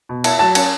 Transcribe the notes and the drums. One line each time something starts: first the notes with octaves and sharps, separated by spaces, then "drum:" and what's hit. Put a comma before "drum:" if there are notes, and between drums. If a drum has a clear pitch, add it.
B2
E4 A5, drum: cymbal
F#3 A5
C#4 A5, drum: cymbal